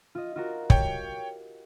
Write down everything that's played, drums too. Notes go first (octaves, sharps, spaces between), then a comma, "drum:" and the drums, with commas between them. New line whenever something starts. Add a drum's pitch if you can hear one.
F4 D#5
F4 F#4 A#4
G4 C#5 G5, drum: kick